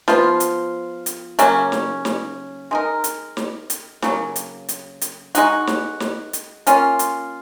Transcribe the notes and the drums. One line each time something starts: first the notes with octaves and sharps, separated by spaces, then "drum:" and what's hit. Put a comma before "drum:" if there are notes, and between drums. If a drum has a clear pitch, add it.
F3 B3 F4, drum: snare
drum: hi-hat
drum: hi-hat
C#3 F#3 A#3 C#4, drum: hi-hat
drum: snare
drum: snare
G#3 D#4 A#4
drum: hi-hat
drum: snare
drum: hi-hat
C#3 F#3 A#3, drum: snare
drum: hi-hat
drum: hi-hat
drum: hi-hat
G#3 D#4 F#4, drum: hi-hat
drum: snare
drum: snare
drum: hi-hat
A#3 C#4 F4, drum: hi-hat
drum: hi-hat